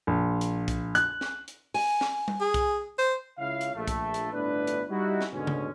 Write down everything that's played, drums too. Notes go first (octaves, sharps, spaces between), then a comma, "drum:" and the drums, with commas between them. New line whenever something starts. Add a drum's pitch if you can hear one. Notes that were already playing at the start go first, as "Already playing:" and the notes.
A#1
drum: hi-hat
drum: kick, hi-hat
F#6, drum: hi-hat
drum: snare
drum: hi-hat
G#5, drum: open hi-hat
drum: snare
drum: tom G3
G#4
drum: kick, hi-hat
C5
C#2 C#3 E4 C#5 F5
drum: hi-hat
A#1 A3
drum: kick, hi-hat
drum: hi-hat
G1 A2 B3 D4 E4 B4
drum: hi-hat
G3 D#4 E4 F#4
drum: snare
D2 G#2 B2 D3 G#3 C#4
drum: tom C#3